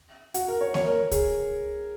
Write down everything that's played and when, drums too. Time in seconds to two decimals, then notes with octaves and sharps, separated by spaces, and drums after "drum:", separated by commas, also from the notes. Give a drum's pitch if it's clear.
0.34 F#4, drum: hi-hat
0.48 A#4
0.61 C#5
0.74 C#5, drum: snare A#3
0.86 A#4
1.11 G#4, drum: kick C2, hi-hat